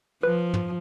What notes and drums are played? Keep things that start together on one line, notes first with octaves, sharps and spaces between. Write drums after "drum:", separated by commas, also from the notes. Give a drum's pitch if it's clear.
F3 B4
drum: tom